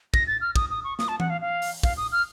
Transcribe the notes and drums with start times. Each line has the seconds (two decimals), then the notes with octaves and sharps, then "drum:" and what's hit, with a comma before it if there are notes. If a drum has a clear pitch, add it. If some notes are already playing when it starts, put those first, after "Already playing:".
0.14 A#6, drum: kick
0.27 A6
0.41 F6
0.56 D#6, drum: kick
0.70 D#6
0.84 C#6
0.99 D#6, drum: snare
1.08 A5
1.20 F#5, drum: tom E3
1.30 F5
1.41 F5
1.62 drum: open hi-hat
1.83 F5, drum: kick
1.97 D#6
2.12 F6